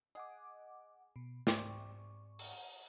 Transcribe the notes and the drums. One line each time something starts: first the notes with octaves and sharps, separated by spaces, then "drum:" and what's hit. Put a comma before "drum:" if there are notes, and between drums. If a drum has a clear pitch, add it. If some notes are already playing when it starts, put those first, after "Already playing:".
G#4 D#5 F#5 D6
B2
G#2 C4 G4 D5 C#6, drum: snare
drum: open hi-hat